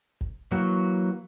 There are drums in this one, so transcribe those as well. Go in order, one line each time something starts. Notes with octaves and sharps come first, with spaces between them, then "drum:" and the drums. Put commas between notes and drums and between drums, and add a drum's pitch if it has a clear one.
drum: kick G1
E3 F#3 A#3 F#4